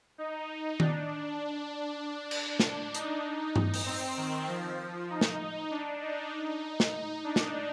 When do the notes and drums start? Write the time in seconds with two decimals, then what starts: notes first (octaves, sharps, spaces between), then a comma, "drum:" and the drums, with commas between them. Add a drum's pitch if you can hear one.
0.18 D#4
0.80 D4, drum: tom D#3
1.72 D4
2.31 drum: cymbal
2.60 drum: snare
2.95 D#4, drum: hi-hat
3.56 D#4, drum: tom G2
3.74 drum: open hi-hat
3.86 C4
4.17 D#3
4.48 F3
5.10 D#4
5.21 drum: snare
5.71 D4
6.02 D#4
6.80 drum: snare
7.24 D4
7.36 drum: snare